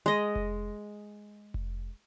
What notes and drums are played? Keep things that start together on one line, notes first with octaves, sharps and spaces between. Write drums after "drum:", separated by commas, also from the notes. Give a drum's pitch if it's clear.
G#3 D#5
drum: kick F1
drum: kick F1